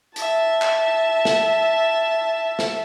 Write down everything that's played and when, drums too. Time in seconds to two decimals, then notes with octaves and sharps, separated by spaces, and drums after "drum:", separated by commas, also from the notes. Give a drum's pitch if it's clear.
0.16 E5 A5, drum: hi-hat
0.62 drum: clap
1.25 drum: snare
2.59 drum: snare